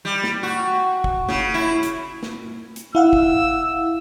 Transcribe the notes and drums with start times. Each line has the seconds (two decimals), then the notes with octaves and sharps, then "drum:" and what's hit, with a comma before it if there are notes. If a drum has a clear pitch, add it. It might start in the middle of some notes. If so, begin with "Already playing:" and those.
0.05 G3
0.24 drum: snare
0.43 F#4
1.04 drum: kick
1.29 C#3, drum: snare
1.54 E4
1.83 drum: hi-hat
2.23 drum: snare
2.76 drum: hi-hat
2.95 E4 F5 F#5 E6
3.13 drum: kick